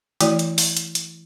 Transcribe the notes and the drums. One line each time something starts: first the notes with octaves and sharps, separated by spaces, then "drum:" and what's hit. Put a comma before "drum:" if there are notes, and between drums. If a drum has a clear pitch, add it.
E3 A3 E4 F#4 D5, drum: hi-hat
drum: hi-hat
drum: open hi-hat
drum: hi-hat
drum: hi-hat